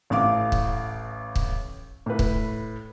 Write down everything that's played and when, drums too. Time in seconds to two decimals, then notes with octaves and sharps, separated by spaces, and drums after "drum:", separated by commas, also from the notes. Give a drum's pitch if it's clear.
0.10 A1 A2 F5 D6
0.52 drum: kick
1.36 drum: kick
2.06 A2 B4
2.19 drum: kick